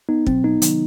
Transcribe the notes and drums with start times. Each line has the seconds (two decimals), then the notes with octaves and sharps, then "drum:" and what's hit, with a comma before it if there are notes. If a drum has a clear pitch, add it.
0.09 B3 D#4
0.26 B2 F#3 C4, drum: kick
0.44 B3 D#4
0.62 C3 D#3 F#3, drum: hi-hat